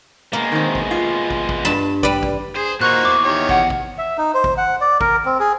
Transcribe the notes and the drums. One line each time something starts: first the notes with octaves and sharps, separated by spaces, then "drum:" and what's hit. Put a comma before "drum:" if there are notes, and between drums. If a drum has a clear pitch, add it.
B2 G#3 A#3
D#3 C4
drum: kick
F4
drum: kick
drum: kick
G2 A5 B5
G3 B4 D5, drum: kick
drum: kick
G#4 C5
A#2 A#3 D#4 F#4 C5 C#6 F#6
E2 D6
D#3 G4 C#5
F#5, drum: kick
drum: kick
E5
D#4
C5
drum: kick
F#5
D5
A#4, drum: kick
C4
G#4